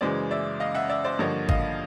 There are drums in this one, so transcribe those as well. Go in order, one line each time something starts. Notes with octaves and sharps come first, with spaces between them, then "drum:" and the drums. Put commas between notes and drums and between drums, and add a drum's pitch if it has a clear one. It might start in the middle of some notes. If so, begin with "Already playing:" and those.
F#2 C#3 E3 G#3 C5 D5
D5 E5
D#5 F5
E5 F#5
D5 E5
C5 D5
G2 D3 F3 A#3 C#5 D#5
D#5 F5, drum: kick G#1